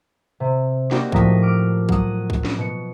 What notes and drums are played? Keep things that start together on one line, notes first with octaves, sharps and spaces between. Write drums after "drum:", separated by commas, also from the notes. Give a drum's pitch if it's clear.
C3
A#3 C4 D#4 F#4 G4 D5, drum: snare
A2 F3 A#4 D#6 B6, drum: kick
D6 F6 D7
F#3 F#5 D#6, drum: kick
drum: kick
drum: snare
B2 C#7